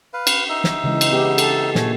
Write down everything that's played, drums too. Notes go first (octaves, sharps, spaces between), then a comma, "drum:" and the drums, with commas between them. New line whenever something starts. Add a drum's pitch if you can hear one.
B4 F5
drum: cymbal
D#4 E5
drum: snare
C#3 E3 G#3
drum: cymbal
B3 G4
A4, drum: cymbal
A#2 A3 G#5, drum: snare